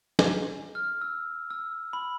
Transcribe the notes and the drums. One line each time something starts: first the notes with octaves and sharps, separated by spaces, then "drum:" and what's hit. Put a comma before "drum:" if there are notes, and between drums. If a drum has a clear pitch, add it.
drum: snare
F6
E6
E6
B5